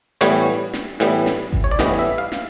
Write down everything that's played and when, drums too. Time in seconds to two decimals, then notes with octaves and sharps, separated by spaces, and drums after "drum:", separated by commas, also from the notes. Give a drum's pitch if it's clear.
0.21 A2 E3 G3 B3 C#5
0.73 drum: snare
1.00 A2 E3 G3 B3
1.26 drum: snare
1.53 drum: kick G#1
1.64 C#5
1.71 D5
1.79 A2 E3 G3 B3 D#5, drum: snare
1.99 E5
2.18 F5
2.32 drum: snare